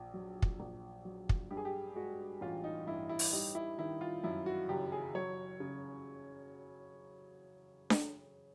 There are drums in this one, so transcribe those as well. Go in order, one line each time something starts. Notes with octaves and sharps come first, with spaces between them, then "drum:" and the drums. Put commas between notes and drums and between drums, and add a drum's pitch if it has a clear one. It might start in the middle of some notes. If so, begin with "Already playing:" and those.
Already playing: A#1
F#3
drum: kick
A#1
F#3
drum: kick
G2 G4
G#4
G4
G#3 F#4
A1 F4
D#4
G2 E4
E4
drum: open hi-hat
G3 D#4
E4
D#3 E4
F4
F#2 E4
F#4
F#1 G4
G#4
F#3 C#5
C#3
drum: snare D4